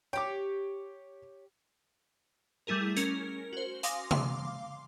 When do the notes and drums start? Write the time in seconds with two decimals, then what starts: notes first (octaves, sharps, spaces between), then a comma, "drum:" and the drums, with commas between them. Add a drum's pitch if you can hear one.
0.13 G4 C#5 G5 D6
2.67 G3 A3 E4 G#4 A#4
2.97 C#4 A#4, drum: hi-hat
3.53 F#4 C5
3.83 F5 G#5 C6 D6 D#6 A#6, drum: hi-hat
4.11 F5 C6 D6, drum: tom C3